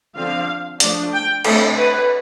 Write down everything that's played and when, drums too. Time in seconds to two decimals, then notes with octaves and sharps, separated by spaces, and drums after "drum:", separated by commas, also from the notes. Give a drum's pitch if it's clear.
0.16 D3 F3 C4 F5
0.80 F3 A3 D4, drum: hi-hat
1.13 G5
1.44 D3 A3 C4 A4, drum: cymbal
1.77 B4